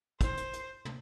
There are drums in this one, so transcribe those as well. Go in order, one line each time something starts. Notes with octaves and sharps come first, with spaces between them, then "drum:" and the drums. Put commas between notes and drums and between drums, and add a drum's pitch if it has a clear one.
C5, drum: kick, hi-hat
drum: hi-hat
drum: hi-hat
drum: tom